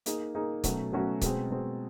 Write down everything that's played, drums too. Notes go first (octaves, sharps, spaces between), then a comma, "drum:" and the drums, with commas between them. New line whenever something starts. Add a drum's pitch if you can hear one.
A#3 D#4 G#4, drum: hi-hat
A#3 D#4 G#4
B2 F#3 A3 C#4 F#4, drum: kick C#1, hi-hat
B2 F#3 A3 C#4 F#4
B2 G#3 C4, drum: kick C#1, hi-hat
B2 G#3 C4